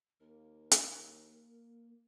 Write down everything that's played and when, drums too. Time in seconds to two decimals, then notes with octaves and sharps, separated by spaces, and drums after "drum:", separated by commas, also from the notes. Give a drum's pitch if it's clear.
0.21 D#2 A#3 A#4
0.71 G#5, drum: hi-hat